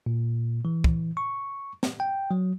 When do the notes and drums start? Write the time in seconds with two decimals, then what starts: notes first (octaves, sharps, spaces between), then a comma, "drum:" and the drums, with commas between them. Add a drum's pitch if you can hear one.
0.06 A#2
0.65 E3
0.84 drum: kick
1.17 C#6
1.83 drum: snare
2.00 G5
2.31 F#3